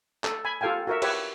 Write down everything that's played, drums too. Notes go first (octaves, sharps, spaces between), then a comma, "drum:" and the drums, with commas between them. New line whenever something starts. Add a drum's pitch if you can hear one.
A4, drum: clap
G#5 B5
F4 G4 A4 F5 G5 G#5
F#4 A#4 E5
G4 B4 C#5 E5, drum: cymbal